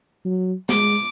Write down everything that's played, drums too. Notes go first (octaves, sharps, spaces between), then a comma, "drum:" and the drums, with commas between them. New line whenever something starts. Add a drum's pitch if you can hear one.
F#3
G#3 D6, drum: snare